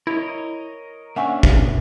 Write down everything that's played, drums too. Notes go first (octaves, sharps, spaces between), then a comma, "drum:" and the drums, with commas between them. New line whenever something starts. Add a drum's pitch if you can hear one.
E4 A#4 C#5 D#5
A#3 C#4 D4 E5 F#5 G#5 C#6
drum: kick